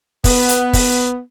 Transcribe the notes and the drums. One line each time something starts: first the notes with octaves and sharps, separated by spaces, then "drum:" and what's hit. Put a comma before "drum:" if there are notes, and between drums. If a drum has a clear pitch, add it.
B3, drum: kick, open hi-hat
drum: hi-hat
drum: kick, open hi-hat